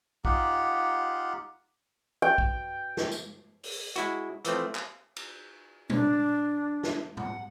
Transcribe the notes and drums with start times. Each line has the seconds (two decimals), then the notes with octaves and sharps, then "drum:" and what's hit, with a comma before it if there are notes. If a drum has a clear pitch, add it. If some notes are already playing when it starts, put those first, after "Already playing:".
0.25 D#4 F4 G4 F#5, drum: kick
2.22 G5
2.38 drum: kick
2.97 drum: snare
3.12 drum: tambourine
3.64 drum: open hi-hat
3.96 G#3 E4 F#4, drum: hi-hat
4.45 E3 F3 A3 C4, drum: hi-hat
4.75 drum: clap
5.16 drum: cymbal
5.90 D4, drum: tom
6.83 drum: snare
7.17 F#5, drum: tom G#2